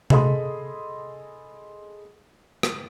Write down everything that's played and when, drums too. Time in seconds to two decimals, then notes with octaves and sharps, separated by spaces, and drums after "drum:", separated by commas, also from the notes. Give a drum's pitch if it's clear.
0.10 G#4 A4 D#5 B5 C6 D#6, drum: tom C3
2.63 drum: rim click